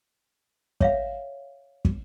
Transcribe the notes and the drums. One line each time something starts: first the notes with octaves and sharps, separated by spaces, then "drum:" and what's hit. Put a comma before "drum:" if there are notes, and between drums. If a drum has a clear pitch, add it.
C#5 E5 F5, drum: kick
drum: kick